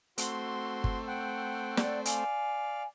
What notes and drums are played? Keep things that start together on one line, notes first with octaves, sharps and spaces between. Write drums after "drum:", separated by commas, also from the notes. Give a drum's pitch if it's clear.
A3 C4 F#4 C6, drum: hi-hat
drum: kick G1
F#5 G5
D5, drum: snare
D5 F5 G#5, drum: hi-hat